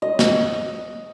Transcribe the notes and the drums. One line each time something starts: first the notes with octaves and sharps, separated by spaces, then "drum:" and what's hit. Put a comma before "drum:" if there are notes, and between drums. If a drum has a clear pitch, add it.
D#5
drum: snare